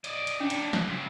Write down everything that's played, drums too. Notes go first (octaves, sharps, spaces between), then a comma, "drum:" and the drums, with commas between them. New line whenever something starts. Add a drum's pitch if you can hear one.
D5 D#5, drum: hi-hat
drum: hi-hat
C#3 C#4 D4
drum: hi-hat
drum: snare
C#3 C4